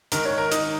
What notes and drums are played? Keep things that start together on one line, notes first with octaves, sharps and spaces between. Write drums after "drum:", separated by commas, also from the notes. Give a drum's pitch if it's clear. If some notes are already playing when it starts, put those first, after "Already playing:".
G#2 D#3 A#4, drum: hi-hat
C#5
A#4
D#4, drum: hi-hat